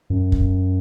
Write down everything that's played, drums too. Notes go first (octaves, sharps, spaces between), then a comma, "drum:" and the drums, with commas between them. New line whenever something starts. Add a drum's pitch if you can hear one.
F#2
drum: kick